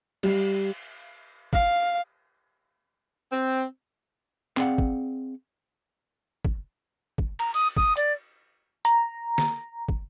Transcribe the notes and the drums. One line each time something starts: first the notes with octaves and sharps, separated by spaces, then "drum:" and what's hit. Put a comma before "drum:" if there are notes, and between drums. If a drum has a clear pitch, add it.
G3, drum: cymbal
F5, drum: kick
C4
C4 G#4 D5 F5 F#5, drum: clap
drum: kick
drum: kick
drum: kick
A#5, drum: cymbal
D#6, drum: open hi-hat
D#6, drum: kick
D5, drum: hi-hat
A#5, drum: hi-hat
drum: snare
drum: kick